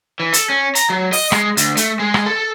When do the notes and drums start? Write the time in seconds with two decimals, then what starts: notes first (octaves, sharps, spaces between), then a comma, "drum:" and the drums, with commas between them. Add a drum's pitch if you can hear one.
0.20 E3
0.34 A4, drum: hi-hat
0.49 C#4
0.75 A#5, drum: hi-hat
0.90 F#3
1.13 D#5, drum: open hi-hat
1.32 G#3, drum: rim click
1.57 D2, drum: hi-hat
1.77 A3, drum: hi-hat
2.00 G#3
2.14 drum: rim click
2.26 A4